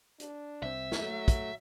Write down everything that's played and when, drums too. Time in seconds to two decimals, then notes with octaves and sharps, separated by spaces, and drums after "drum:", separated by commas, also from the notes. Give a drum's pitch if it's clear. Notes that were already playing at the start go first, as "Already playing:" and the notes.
0.20 D4, drum: hi-hat
0.63 C2 C4 E5
0.92 drum: snare
1.02 F#3 A3
1.28 drum: kick, hi-hat